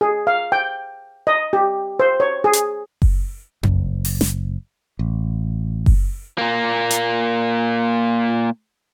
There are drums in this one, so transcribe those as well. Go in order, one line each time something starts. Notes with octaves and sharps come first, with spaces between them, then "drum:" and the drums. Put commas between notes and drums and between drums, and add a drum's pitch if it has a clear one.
G#4
F5
G5
D#5
G4
C5
C#5
G#4
drum: hi-hat
drum: kick F#1
F#1, drum: tom F2
drum: open hi-hat
drum: snare
A1
drum: kick F#1
A#2 A#3
drum: hi-hat